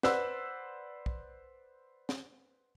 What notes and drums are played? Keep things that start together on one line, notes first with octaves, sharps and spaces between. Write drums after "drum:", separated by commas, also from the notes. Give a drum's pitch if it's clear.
B4 C5 D5 F#5 E6, drum: snare
drum: kick
drum: snare